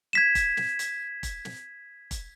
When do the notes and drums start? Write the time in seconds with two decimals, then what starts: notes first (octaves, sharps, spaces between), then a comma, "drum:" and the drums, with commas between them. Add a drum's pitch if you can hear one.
0.13 G#6 B6 E7
0.35 drum: kick F1, hi-hat
0.57 drum: snare
0.79 drum: hi-hat
1.23 drum: kick F1, hi-hat
1.45 drum: snare
2.11 drum: kick F1, hi-hat